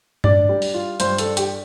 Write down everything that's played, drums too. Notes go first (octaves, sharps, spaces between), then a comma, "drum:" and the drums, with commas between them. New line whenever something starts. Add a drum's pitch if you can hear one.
D4 D5, drum: tom G2
G3
drum: open hi-hat
F4
G2 C5, drum: hi-hat
A4, drum: hi-hat
D4
G4, drum: hi-hat